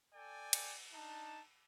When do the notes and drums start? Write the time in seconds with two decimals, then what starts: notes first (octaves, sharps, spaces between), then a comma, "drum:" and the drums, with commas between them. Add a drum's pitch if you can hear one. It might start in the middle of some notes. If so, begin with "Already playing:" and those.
0.14 A4 D5 G5 G#5
0.53 drum: cymbal
0.93 D4 D#4 A5